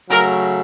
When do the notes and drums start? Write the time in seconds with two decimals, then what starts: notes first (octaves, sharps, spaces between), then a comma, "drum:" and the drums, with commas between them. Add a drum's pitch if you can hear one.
0.10 C#3 F#3 A3 A#4, drum: hi-hat